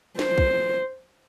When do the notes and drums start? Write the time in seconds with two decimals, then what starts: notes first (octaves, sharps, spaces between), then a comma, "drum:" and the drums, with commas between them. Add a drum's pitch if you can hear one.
0.19 C5, drum: snare
0.38 drum: kick B1